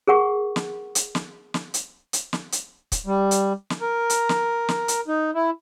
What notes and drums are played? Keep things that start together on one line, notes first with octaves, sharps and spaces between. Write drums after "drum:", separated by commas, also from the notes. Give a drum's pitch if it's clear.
G#4 A#4 F#5 C#6
drum: snare
drum: hi-hat
drum: snare
drum: snare
drum: hi-hat
drum: hi-hat
drum: snare
drum: hi-hat
drum: kick, hi-hat
G3
drum: hi-hat
drum: snare
A#4
drum: hi-hat
drum: snare
drum: snare
drum: hi-hat
D#4
E4